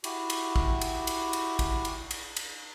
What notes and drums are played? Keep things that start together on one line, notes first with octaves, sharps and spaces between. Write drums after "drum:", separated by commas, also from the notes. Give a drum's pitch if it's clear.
E4 F#4 G4, drum: cymbal
drum: cymbal
drum: kick
drum: cymbal
drum: cymbal
drum: cymbal
drum: kick, cymbal
drum: cymbal
drum: cymbal
drum: cymbal